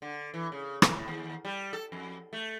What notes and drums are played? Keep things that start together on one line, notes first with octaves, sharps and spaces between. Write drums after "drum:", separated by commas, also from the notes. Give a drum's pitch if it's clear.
D3
E3
C#3
E3, drum: rim click
A2
D#2
G3
A4
F2
A3